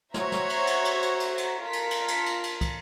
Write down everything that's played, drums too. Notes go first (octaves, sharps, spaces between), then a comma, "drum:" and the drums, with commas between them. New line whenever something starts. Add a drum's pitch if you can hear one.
F#4 C5 C#5 E5 A#5, drum: snare
drum: snare
drum: cymbal
drum: cymbal
drum: cymbal
drum: cymbal
drum: cymbal
drum: cymbal
F4 A#4 A5 B6
drum: cymbal
drum: cymbal
drum: cymbal
drum: cymbal
drum: cymbal
drum: kick, cymbal